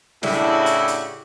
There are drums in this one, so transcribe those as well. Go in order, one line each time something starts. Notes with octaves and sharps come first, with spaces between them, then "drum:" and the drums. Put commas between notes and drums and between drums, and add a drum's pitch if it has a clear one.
A2 C#3 D4 E4 F#4 G4, drum: snare
drum: hi-hat
drum: hi-hat